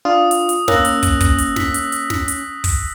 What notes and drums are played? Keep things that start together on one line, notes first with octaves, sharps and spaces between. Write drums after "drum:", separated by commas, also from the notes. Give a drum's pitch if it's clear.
D4 F4 D#6
drum: hi-hat
drum: hi-hat
A#3 C#4 E6 F#6 A#6, drum: snare
drum: hi-hat
drum: kick, hi-hat
drum: kick, hi-hat
drum: hi-hat
B6, drum: snare
drum: hi-hat
drum: hi-hat
drum: snare
drum: hi-hat
drum: kick, open hi-hat